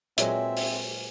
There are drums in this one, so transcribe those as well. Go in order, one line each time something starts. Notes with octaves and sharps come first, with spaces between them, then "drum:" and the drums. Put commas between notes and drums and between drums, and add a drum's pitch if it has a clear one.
A#2 F#3 G#3 C4 B4 C5 E5 G#5, drum: hi-hat
drum: open hi-hat